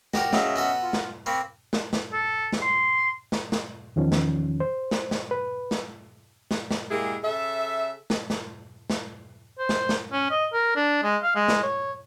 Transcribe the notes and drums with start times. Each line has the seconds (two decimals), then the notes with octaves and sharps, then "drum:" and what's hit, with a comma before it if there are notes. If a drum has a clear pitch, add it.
0.14 F#4 G4 A#4, drum: snare
0.33 C#3 F#3 C#4 D#5 E5, drum: snare
0.56 B3 F#4 A4
0.83 F4
0.93 drum: snare
1.26 A#3 C4 B5 C#6
1.73 drum: snare
1.93 drum: snare
2.13 A4
2.52 drum: snare
2.62 C6
3.32 drum: snare
3.52 drum: snare
3.96 E2 D#3 F3 C#4
4.12 drum: snare
4.60 C5
4.91 drum: snare
5.11 drum: snare
5.31 B4
5.71 drum: snare
6.51 drum: snare
6.71 drum: snare
6.91 G#3 A#3 E4 G4 G#4
7.24 C#3 A4 E5
8.10 drum: snare
8.30 drum: snare
8.90 drum: snare
9.58 C5
9.69 drum: snare
9.89 drum: snare
10.12 C#4
10.30 D#5
10.53 A#4
10.76 D4
11.03 G#3
11.23 F5
11.35 G#3
11.48 drum: snare
11.63 C#5